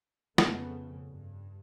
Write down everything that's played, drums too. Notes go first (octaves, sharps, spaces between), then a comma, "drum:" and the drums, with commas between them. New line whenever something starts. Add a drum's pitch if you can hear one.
F2 C#3 A3 B3, drum: snare
G2